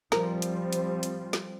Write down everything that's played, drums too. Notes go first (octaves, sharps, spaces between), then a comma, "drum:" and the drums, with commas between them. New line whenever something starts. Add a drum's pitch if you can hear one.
F3 G3 C4 A#4, drum: snare
drum: hi-hat
drum: hi-hat
drum: hi-hat
drum: snare